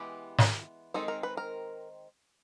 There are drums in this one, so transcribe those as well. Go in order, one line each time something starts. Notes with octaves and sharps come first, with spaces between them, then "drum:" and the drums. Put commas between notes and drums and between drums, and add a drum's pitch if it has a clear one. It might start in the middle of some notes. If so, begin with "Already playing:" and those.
Already playing: E3 G#3 B3 G4
drum: snare
D#3 G#3 C4 D#4 A4
A#4
B4
A#4